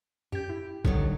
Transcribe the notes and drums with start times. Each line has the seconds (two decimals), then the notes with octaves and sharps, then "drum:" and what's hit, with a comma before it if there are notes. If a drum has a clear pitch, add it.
0.32 F#2 G4 G6
0.49 E4
0.85 A2 D3 D#3 F#3, drum: kick